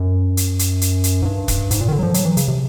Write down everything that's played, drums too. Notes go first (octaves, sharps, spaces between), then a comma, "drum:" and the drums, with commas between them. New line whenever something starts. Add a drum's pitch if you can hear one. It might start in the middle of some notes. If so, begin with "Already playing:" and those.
Already playing: F#2
drum: hi-hat
drum: hi-hat
drum: hi-hat
drum: hi-hat
G#2
G2
drum: kick, hi-hat
G#2, drum: hi-hat
A#2
D#3
D3
F#3
F3
F#3, drum: hi-hat
E3
C#3, drum: hi-hat
C3